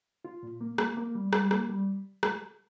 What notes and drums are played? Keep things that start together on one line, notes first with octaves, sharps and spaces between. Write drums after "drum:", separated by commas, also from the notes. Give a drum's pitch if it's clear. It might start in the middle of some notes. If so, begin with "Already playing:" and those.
F4
A#2
A#3
A#3, drum: rim click
A#3
G3
G3, drum: rim click
A#3, drum: rim click
G3
drum: rim click